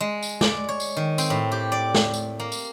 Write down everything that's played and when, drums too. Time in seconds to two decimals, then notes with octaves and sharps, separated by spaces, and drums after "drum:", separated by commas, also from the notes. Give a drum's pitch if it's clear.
0.01 G#3
0.23 drum: tambourine
0.41 D5, drum: snare
0.69 C#5
0.80 drum: tambourine
0.96 D#3
1.18 C4, drum: tambourine
1.30 A2
1.52 G4
1.72 D5
1.95 drum: snare
2.14 drum: tambourine
2.40 A#3
2.52 drum: tambourine